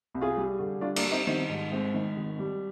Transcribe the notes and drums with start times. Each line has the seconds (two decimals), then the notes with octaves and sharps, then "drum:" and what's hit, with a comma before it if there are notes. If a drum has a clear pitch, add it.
0.15 C2
0.21 F4 G#4
0.37 G3
0.59 D3
0.81 G3 D4 F4
0.96 A#3 D4, drum: cymbal
1.05 G3
1.12 C4 D#4
1.27 D#3 C4
1.49 G#2
1.72 G#3 C4
1.94 D#3
2.17 G#1
2.39 G3